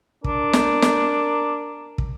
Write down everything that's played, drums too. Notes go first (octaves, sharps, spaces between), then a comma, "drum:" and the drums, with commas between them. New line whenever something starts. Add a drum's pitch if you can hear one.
D4 A#4, drum: kick
drum: snare
drum: snare
drum: kick